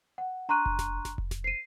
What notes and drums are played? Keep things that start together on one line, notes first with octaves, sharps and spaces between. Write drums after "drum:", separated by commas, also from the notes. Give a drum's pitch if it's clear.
F#5
D4 A#5 C6 C#6 F#6 D#7
drum: kick F1
drum: snare F#1
drum: snare F#1
drum: kick F1
drum: snare F#1
C7 D#7